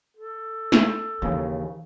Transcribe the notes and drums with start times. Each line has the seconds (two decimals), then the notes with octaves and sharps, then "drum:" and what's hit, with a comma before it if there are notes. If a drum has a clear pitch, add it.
0.17 A4
0.72 drum: snare
1.22 D#2 C#3 E3